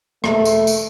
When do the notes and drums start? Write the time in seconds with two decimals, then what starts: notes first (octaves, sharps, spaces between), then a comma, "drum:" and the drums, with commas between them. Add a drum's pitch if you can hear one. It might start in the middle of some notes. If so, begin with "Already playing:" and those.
0.24 A3, drum: rim click
0.45 drum: tambourine
0.67 drum: tambourine